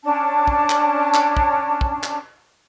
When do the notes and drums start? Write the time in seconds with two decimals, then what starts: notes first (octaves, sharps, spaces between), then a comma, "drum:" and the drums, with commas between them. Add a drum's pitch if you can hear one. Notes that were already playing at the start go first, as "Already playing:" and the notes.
0.03 C#4 D4 A5
0.47 drum: kick
0.70 drum: clap
1.14 drum: clap
1.37 drum: kick
1.81 drum: kick
2.03 drum: clap